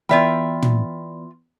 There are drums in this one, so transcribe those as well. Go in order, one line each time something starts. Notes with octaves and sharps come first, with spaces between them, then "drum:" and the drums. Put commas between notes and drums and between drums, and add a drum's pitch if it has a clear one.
E3 B3 F4 D5 E5 G5 B5
drum: tom